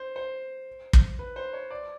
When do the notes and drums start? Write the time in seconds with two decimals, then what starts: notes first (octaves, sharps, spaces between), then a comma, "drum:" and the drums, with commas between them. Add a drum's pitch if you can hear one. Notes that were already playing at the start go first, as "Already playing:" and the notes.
Already playing: C5
0.16 C5
0.93 drum: kick
1.19 B4
1.36 C5
1.53 C#5
1.71 D5